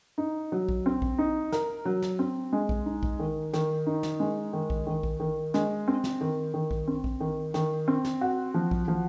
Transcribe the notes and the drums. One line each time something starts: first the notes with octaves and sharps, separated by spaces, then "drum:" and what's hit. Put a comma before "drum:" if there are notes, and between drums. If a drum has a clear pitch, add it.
D#4
F#3
drum: kick A#1
C4
drum: kick A#1
D#4
A#4, drum: snare
F#3
drum: snare
C4
G#3
drum: kick A#1
D#4
drum: kick A#1
D#3
D#3, drum: snare
D#4
drum: snare
G#3
D#3
drum: kick A#1
D#3
drum: kick A#1
D#3
G#3, drum: snare
C4
drum: snare
D#3
D#3
drum: kick A#1
C4
drum: kick A#1
D#3
D#3, drum: snare
C4
drum: snare
F#4
F3
drum: kick A#1
F3